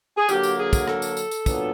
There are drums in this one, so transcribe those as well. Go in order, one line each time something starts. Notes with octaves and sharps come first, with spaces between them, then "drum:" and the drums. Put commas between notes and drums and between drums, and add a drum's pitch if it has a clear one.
G#4
D3 F#3 A#3 G4, drum: tambourine
drum: tambourine
G#4
drum: kick, tambourine
A4, drum: rim click
drum: tambourine
drum: tambourine
drum: tambourine
A#2 F#3 B3 D4, drum: kick, tambourine